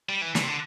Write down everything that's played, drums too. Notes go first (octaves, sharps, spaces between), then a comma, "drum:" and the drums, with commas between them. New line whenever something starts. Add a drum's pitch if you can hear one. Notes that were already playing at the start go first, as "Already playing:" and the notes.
G3
E3
E3, drum: snare
C3
D3